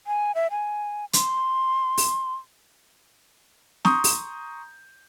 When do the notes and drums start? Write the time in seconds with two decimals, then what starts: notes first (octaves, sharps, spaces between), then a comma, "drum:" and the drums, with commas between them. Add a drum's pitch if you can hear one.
0.07 G#5
0.35 E5
0.51 G#5
1.13 C6, drum: hi-hat
1.98 drum: open hi-hat
3.85 A#5 C6 C#6 D#6 G6, drum: snare
4.04 drum: open hi-hat